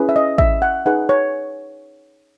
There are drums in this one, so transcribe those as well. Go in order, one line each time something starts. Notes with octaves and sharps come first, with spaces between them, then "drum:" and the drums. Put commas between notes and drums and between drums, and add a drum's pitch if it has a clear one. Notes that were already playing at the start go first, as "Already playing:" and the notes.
Already playing: C#4 E4 G#4 B4
E5
D#5
E5, drum: kick A1
F#5
D#4 G#4 B4 F#5
C#5